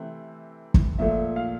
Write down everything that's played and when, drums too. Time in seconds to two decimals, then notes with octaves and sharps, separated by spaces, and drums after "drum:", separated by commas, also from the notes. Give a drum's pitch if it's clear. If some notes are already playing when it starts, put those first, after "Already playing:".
Already playing: C3 E3 A3 C4
0.74 drum: kick
0.99 A#2 F3 A3 E5
1.36 F5